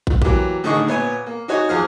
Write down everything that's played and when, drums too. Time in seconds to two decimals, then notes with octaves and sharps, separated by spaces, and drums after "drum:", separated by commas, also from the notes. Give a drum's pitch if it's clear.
0.07 drum: kick
0.22 E3 F#3 A#3 G4, drum: kick
0.64 A2 D3 D#3 G#4 D#5 C#6
0.87 A#2 B3 C#5 G#5
1.26 A#3
1.48 D#4 F#4 C#5 D#5 G#5
1.69 E2 F3 G#4 F6